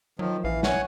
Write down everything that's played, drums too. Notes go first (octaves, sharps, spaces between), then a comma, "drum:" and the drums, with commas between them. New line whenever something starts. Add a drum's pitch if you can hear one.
D#3 F3 F#3
A#1 E3 F5
C#5 F#5 G#5, drum: snare